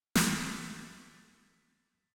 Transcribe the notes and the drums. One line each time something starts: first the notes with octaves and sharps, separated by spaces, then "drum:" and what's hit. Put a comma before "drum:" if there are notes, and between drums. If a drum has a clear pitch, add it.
A6 B6, drum: snare